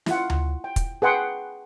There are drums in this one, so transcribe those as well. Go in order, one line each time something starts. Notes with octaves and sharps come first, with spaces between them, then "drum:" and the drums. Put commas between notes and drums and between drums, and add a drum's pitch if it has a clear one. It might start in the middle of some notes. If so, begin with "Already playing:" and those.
E4 F4 F#5, drum: snare
drum: tom D2
G5
drum: kick, hi-hat
G#4 B4 F#5 G5 C6 D#6